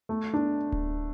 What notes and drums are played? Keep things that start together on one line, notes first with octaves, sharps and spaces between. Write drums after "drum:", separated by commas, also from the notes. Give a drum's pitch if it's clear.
A3
D4
drum: kick D1